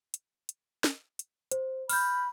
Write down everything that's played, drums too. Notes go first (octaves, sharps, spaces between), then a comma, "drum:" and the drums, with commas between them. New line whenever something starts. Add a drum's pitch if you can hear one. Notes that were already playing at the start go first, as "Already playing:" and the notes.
drum: hi-hat
drum: hi-hat
drum: snare
drum: hi-hat
C5, drum: hi-hat
B5 F6 G6, drum: open hi-hat